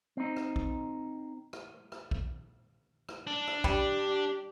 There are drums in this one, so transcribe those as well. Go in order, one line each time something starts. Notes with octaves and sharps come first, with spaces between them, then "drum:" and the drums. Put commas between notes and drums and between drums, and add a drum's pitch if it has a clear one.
C4 D#4
drum: rim click
drum: kick
drum: rim click
drum: rim click
drum: kick
drum: rim click
D4
drum: rim click
G3 G4, drum: kick